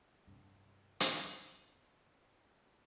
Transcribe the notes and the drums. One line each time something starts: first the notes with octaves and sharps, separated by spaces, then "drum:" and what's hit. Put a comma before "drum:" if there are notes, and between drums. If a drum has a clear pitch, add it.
G2 C3
drum: hi-hat